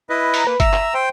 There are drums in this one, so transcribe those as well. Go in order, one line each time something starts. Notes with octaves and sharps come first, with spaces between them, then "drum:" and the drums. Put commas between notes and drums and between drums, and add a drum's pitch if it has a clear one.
E4 B4 D#5
A#5, drum: open hi-hat
A#3 B4
E5 A#5 E6, drum: kick F#1, hi-hat
drum: clap
C5 G5